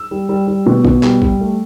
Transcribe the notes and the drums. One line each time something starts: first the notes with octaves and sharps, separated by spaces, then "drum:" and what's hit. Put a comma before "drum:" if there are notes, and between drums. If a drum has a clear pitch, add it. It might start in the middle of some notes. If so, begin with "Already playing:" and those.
Already playing: E6
G3
G3
G3
B2
B2, drum: kick A#1
G3, drum: clap
G3, drum: kick A#1
A3